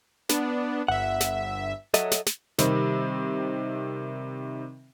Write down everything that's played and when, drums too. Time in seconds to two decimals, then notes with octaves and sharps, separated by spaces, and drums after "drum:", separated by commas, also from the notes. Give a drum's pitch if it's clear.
0.29 B3 D4, drum: snare
0.88 G1 E5 F#5
1.20 drum: snare
1.94 F#3 A4 D#5 E5, drum: snare
2.11 drum: snare
2.26 drum: snare
2.59 C3 D#3 G3 C4, drum: snare